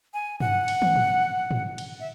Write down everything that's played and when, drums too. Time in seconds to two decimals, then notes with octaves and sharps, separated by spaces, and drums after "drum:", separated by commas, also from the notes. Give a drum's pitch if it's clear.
0.14 G#5
0.40 F#5, drum: tom G2
0.68 drum: cymbal
0.82 drum: tom
0.96 drum: tom G#2
1.51 drum: tom G#2
1.78 drum: cymbal
2.00 E5